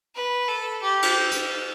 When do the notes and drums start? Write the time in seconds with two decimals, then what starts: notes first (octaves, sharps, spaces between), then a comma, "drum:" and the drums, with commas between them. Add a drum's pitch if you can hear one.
0.15 B4
0.48 A4
0.82 G4
1.02 drum: cymbal
1.31 drum: hi-hat